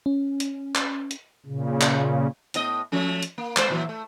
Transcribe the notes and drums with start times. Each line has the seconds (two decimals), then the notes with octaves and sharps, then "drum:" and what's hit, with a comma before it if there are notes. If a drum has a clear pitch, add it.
0.06 C#4
0.40 drum: hi-hat
0.75 drum: clap
1.11 drum: hi-hat
1.46 A#2 C#3
1.81 drum: clap
2.54 A2 B3 D#5, drum: hi-hat
2.92 F3 A3 C#4
3.23 drum: hi-hat
3.38 A#3
3.57 G#3 C5, drum: clap
3.70 A#2 E3 F#3
3.89 A3